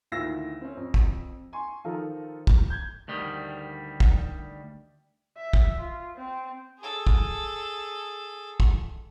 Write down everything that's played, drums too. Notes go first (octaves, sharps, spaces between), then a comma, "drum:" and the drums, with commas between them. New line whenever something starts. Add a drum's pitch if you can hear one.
D2 D#3 E4 F4 E6 A#6
C4 C#4
F2
drum: kick
G#5 C6 C#6
D#3 F3 D#4 F4 A4 A#4
drum: kick
G6 G#6
D2 D#3 G3
drum: kick
E5
drum: kick
F4
C4
G#4 A4
drum: kick
drum: kick